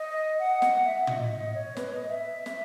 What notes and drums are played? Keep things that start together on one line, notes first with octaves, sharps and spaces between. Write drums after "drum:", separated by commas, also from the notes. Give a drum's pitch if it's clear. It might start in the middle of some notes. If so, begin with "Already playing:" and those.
Already playing: D#5
F#5
drum: snare
E5
D#5, drum: tom
D#5
C#5
B4, drum: snare
D#5
E5
drum: snare